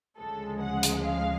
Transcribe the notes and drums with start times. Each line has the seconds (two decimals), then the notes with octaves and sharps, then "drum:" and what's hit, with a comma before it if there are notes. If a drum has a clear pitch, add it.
0.19 D2 C#3 F3 G#3 A4
0.62 F#5
0.83 drum: hi-hat
1.06 F5